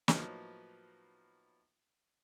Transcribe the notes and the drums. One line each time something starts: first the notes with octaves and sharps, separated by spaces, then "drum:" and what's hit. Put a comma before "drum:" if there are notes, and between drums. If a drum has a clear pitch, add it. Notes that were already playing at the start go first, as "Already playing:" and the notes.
A2 F3 F#3 A#3 B3 D#4, drum: snare